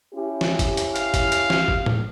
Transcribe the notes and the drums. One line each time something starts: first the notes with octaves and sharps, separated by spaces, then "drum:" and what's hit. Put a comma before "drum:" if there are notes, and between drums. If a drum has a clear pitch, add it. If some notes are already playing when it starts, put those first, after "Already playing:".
C#4 E4 G4
drum: snare
drum: kick G1, hi-hat
drum: hi-hat
F5, drum: hi-hat
drum: kick G1, hi-hat
drum: hi-hat
drum: snare
drum: kick G1
drum: tom A2